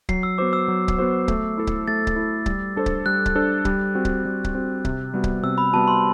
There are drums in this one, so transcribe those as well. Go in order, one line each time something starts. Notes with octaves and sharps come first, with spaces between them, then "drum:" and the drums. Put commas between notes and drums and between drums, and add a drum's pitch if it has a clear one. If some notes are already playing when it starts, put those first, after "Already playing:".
F#3 C7, drum: kick C#1
E6
B3 F#4 C5 D6
E6
F#3
drum: kick C#1
B3 F#4 C5
A3, drum: kick C#1
E4 A4
drum: kick C#1
A3 A6
drum: kick C#1
E4 A4
G3, drum: kick C#1
D4 A4 C5
drum: kick C#1
G3 F#6
drum: kick C#1
D4 A4 C5
G3, drum: kick C#1
C4 F#4
drum: kick C#1
G3
drum: kick C#1
C4 F#4
C3, drum: kick C#1
G3 B3 F#4
drum: kick C#1
C3 E6
B5
G3 B3 F#4 A5
C6